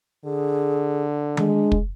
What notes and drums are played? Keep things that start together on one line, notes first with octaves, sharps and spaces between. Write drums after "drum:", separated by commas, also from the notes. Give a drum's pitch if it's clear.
D3 G#4
G#3 D4, drum: tom D#3
drum: kick